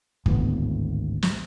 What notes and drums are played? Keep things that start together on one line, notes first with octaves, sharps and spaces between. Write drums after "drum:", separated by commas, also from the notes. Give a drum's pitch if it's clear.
G#1 D2 A2 B3, drum: kick
drum: snare